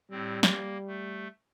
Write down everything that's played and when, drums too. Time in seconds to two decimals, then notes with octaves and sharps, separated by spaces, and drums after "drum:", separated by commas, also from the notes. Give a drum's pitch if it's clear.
0.11 A2 G3 C4
0.43 A#3, drum: snare
0.87 A3